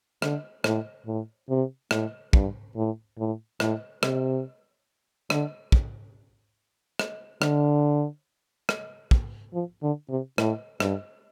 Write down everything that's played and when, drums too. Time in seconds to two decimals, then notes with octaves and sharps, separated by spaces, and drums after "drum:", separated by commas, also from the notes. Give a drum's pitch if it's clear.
0.22 D3, drum: rim click
0.64 A2, drum: rim click
1.06 A2
1.49 C3
1.91 A2, drum: rim click
2.33 G2, drum: kick
2.76 A2
3.18 A2
3.60 A2, drum: rim click
4.03 C3, drum: rim click
5.30 D3, drum: rim click
5.72 drum: kick
6.99 drum: rim click
7.42 D3, drum: rim click
8.69 drum: rim click
9.11 drum: kick
9.54 F3
9.82 D3
10.10 C3
10.38 A2, drum: rim click
10.80 G2, drum: rim click